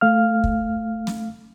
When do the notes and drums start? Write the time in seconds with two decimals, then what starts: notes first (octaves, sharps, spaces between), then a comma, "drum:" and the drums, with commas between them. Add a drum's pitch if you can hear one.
0.01 A3 F5 F6
0.44 drum: kick
1.07 drum: snare